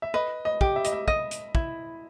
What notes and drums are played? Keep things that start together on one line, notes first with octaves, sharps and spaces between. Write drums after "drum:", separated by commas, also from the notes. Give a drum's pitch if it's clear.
E5
B4 D#5
D#5
G4, drum: kick
E5
D#5, drum: hi-hat
E5
D#5, drum: kick
drum: hi-hat
E4, drum: kick